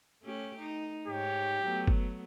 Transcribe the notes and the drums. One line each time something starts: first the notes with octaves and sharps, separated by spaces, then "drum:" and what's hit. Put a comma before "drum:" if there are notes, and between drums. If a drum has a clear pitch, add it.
A3 C#4 G4
D#4
G#2 G4 C#5
F#3 A3 B3
drum: kick